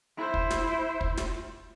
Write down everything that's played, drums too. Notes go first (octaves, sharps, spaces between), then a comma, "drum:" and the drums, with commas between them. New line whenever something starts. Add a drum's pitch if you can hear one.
E4 C5
drum: kick
drum: snare
drum: kick
drum: snare